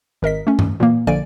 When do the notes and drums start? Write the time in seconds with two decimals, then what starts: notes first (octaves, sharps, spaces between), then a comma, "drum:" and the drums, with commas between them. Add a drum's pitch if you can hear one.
0.22 G#1 A#4 D#5 B6
0.47 A3 C#4
0.59 drum: tom
0.80 A#2 E3 A#3
1.07 A#1 D3 A#3 D5 G#5 D7